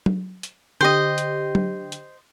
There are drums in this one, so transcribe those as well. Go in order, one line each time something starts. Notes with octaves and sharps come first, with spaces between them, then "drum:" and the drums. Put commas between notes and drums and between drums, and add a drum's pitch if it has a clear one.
drum: tom F#3
drum: hi-hat
D3 G4 C5 D#5
drum: hi-hat
drum: tom F#3
drum: hi-hat